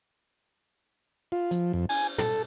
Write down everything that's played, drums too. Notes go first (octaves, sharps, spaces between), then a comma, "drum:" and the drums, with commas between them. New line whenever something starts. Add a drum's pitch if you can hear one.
F4
F3, drum: hi-hat
F2
G#5, drum: cymbal
A4, drum: tom